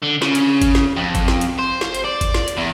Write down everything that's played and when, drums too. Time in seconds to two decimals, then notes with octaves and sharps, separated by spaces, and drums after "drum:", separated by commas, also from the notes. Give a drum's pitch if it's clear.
0.02 D3
0.22 C#3, drum: snare
0.35 drum: hi-hat
0.62 drum: kick G1, hi-hat
0.75 drum: snare
0.97 F2
1.15 drum: kick G1, hi-hat
1.28 drum: snare
1.41 drum: hi-hat
1.59 C5
1.81 drum: snare
1.95 drum: hi-hat
2.05 D5
2.21 drum: kick G1, hi-hat
2.34 drum: snare
2.48 drum: hi-hat
2.58 E2